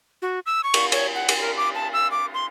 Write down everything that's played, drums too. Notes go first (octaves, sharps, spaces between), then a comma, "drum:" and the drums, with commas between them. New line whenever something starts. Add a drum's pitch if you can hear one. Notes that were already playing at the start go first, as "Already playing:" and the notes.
F#4
E6
C#6
drum: cymbal
C#5, drum: cymbal
F#5
drum: cymbal
A#4
D6
A5
E6
D6
C6